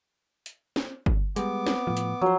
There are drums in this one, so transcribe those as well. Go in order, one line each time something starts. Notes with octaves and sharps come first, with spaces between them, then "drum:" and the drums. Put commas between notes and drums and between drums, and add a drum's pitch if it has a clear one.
drum: hi-hat
drum: snare
drum: kick G1
G3 G#3 B3 D6, drum: hi-hat
drum: snare
A2 F3
drum: hi-hat
F3 F#3 C5